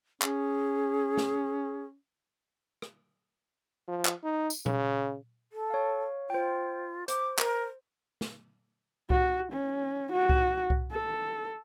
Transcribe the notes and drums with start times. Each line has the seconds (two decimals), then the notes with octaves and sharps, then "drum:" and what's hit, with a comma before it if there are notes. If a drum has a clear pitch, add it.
0.22 C#4 G#4, drum: clap
1.17 drum: snare
2.82 drum: rim click
3.88 F3
4.05 drum: clap
4.24 D#4
4.50 drum: tambourine
4.66 C#3, drum: tom A#2
5.53 A4
5.70 C#5 F5
6.30 F4 C5 G5
7.08 C5 D6, drum: hi-hat
7.39 A#4, drum: clap
8.21 drum: snare
9.10 F#4, drum: kick C2
9.52 C#4
10.12 F#4
10.29 drum: kick C2
10.70 drum: kick C2
10.91 A4